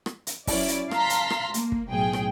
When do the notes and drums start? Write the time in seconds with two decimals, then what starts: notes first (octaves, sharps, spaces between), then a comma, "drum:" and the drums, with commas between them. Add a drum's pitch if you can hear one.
0.06 drum: rim click
0.27 drum: hi-hat
0.47 F#3 C#4 E4 D5, drum: kick, open hi-hat
0.68 drum: hi-hat
0.91 F5 A5 A#5 C6 F6 B6, drum: rim click
1.10 drum: hi-hat
1.30 drum: rim click
1.54 A#3, drum: hi-hat
1.72 drum: kick
1.90 B1 A2 G#4 G5
2.13 drum: rim click